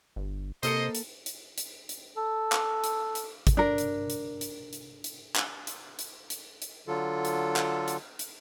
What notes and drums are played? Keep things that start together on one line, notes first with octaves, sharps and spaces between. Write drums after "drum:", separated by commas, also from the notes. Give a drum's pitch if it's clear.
G1
C3 A#3 A4 C5 D#5 C#7, drum: hi-hat
drum: hi-hat
drum: hi-hat
drum: hi-hat
drum: hi-hat
A4
drum: clap
drum: hi-hat
drum: hi-hat
drum: kick, hi-hat
D4 A#4
drum: hi-hat
drum: hi-hat
drum: hi-hat
drum: hi-hat
drum: hi-hat
drum: clap
drum: hi-hat
drum: hi-hat
drum: hi-hat
drum: hi-hat
D3 F#3 F4 A4
drum: hi-hat
drum: clap
drum: hi-hat
drum: hi-hat